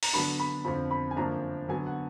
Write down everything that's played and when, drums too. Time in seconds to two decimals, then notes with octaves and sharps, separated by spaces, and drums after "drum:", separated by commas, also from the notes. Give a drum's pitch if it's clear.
0.03 A#5, drum: open hi-hat
0.13 D3 F#3 B3 D4 B5
0.40 B5
0.65 F2 D3 F3 B5
0.91 B5
1.11 G#5
1.17 F#2 D3 F3 A#3 D4 A#5
1.68 D3 F#3 B3 G#5
1.87 F#5